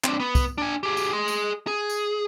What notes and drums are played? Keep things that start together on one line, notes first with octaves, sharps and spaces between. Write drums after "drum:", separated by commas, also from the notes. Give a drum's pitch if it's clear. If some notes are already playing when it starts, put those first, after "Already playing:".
C4 D4, drum: clap
B3
drum: kick, tambourine
D4 G#5
G4 G#4
drum: tambourine
G#4 C6
drum: tambourine
G#4
drum: tambourine